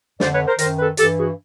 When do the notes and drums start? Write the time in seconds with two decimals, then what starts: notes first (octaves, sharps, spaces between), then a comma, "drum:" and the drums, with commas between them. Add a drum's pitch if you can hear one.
0.20 F2 D3 C5 D5, drum: snare
0.33 B4 C#5
0.46 A#4 C5
0.59 F#2 D#3 A#4 C5, drum: hi-hat
0.79 A4 B4
0.97 G2 E3 G4 A4, drum: hi-hat
1.18 F#4 G#4